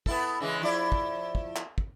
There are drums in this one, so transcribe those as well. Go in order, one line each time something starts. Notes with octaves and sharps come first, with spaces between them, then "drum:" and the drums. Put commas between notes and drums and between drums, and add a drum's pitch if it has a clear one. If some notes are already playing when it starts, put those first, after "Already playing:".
B3 E4 A4, drum: kick
C#3 E3 G#3
F3 E4 D5
drum: kick
drum: kick
drum: clap
drum: kick